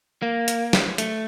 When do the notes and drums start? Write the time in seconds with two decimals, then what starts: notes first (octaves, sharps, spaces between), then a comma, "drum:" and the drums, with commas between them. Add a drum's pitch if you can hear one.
0.22 A#3
0.48 drum: hi-hat
0.73 drum: snare
0.98 A3, drum: hi-hat